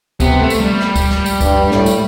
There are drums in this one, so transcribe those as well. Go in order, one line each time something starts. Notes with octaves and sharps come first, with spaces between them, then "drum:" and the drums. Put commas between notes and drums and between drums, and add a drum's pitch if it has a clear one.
C3 B3, drum: kick C#2, tambourine
A3
drum: tambourine
G3
drum: snare
drum: kick C#2, tambourine
drum: snare
drum: tambourine
G2, drum: kick C#2, tambourine
A2, drum: snare
drum: tambourine